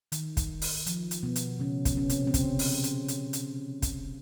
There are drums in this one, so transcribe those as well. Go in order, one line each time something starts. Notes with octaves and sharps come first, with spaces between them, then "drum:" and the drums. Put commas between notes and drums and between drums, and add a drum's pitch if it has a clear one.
D#3, drum: hi-hat
drum: kick, hi-hat
drum: open hi-hat
F3, drum: hi-hat
drum: hi-hat
B2 B3
drum: hi-hat
C#3 C#4
B2 B3, drum: kick, hi-hat
C#4
C3 C4, drum: hi-hat
C4
C#3 C#4, drum: kick, hi-hat
drum: open hi-hat
drum: hi-hat
drum: hi-hat
drum: hi-hat
drum: kick, hi-hat